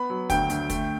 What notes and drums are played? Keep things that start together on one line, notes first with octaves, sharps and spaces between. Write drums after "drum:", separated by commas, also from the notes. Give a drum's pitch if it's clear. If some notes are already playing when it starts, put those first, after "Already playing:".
Already playing: B3 B5
F#3
D2 G5, drum: kick, hi-hat
D2, drum: hi-hat
A3, drum: kick, hi-hat